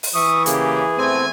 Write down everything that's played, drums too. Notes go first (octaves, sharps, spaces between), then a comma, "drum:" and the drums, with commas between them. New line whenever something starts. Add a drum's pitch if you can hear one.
drum: open hi-hat
E3 E5 C#6 D#6
C#3 A#3 G4 G#4, drum: hi-hat
E2 A3 C4 G#5